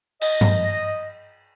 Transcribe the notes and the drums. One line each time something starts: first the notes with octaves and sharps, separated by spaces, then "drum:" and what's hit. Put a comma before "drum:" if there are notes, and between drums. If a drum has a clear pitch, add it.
D#5, drum: cymbal
drum: tom G2